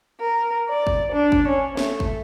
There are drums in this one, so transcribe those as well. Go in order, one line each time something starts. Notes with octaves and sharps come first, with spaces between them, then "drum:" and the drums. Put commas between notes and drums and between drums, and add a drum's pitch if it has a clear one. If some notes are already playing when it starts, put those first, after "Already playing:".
A#4
D5
drum: kick G1
D4
drum: kick G1
C#4
A3, drum: snare
drum: kick G1